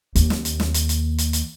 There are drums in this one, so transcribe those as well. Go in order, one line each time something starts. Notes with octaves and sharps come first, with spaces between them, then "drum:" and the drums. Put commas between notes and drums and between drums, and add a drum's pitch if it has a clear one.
D#2, drum: hi-hat
drum: snare
drum: hi-hat
drum: snare
drum: hi-hat
drum: hi-hat
drum: hi-hat
drum: hi-hat